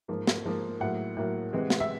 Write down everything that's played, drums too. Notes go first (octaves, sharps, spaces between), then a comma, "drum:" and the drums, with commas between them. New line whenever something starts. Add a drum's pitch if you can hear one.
G#2 F3 A#3
drum: snare
G#2 F3 A#3
A2 F#3 A#3 F#5
A2 F#3 A#3
C3 E3 G#3 C4
drum: snare
E5